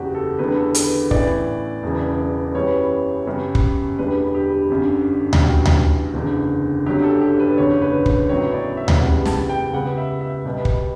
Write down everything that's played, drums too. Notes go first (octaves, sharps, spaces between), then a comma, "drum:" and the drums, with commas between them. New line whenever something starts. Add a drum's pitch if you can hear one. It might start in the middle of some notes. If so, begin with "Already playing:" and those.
Already playing: F#1 E2 C#3 F#4 G4
A4
E2 D3 G3 B3 B4
A4
B4, drum: hi-hat
A1 A2 E3 B3 D5, drum: kick
E1 E2 C#3 E3
F#2 E3 G3 B3 C#5
F#2 C#3 G3 B3
drum: kick
E1 E2 D3 G3 B3 B4
G4
G1 F#2 D3
drum: tom D2
A1 G2 E3 F#4
drum: tom D2
F#1 E2 D3
G1 G2 D3 F#3 G4
A4
G4
B4
F#1 E2 D3 C#5
B4
B4, drum: kick
A1 A2 F#3 B3 C#5
D5
E5
drum: tom D2
F#1 E2 C#3 G3 B3 F#5
A5, drum: snare
G5
C#2 C#3 G3 B3 F#5
E5
E5
B1 B2 G3 B3
drum: kick